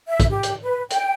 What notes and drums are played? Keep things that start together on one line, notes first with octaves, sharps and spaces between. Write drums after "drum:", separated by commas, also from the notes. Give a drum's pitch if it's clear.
E5
drum: kick, hi-hat
G4
drum: hi-hat
B4
G5, drum: hi-hat